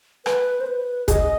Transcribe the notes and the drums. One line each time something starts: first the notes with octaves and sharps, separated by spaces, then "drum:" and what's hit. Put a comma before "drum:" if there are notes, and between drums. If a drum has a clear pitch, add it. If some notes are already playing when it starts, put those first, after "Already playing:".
B4, drum: rim click
C5
B4
G#4 D#5, drum: kick, hi-hat